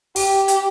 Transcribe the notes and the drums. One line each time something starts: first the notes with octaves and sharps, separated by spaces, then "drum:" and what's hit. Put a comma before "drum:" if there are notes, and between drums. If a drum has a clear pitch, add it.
G4, drum: open hi-hat
drum: hi-hat